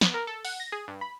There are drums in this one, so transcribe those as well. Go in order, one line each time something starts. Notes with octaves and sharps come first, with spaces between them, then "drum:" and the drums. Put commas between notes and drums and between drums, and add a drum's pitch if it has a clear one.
B3, drum: snare
A#4
A4
F#5, drum: open hi-hat
A#6
G#4
G2
B5